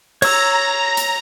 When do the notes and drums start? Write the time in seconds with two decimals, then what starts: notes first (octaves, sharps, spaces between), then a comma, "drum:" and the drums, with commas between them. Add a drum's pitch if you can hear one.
0.22 C#5 A#5 E6, drum: cymbal
0.97 drum: hi-hat